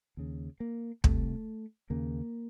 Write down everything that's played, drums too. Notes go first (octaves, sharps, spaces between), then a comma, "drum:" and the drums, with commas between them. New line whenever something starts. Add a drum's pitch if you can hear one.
D#2 C#3
A#3
C2 C3 A3, drum: kick
D#2 C#3 A#3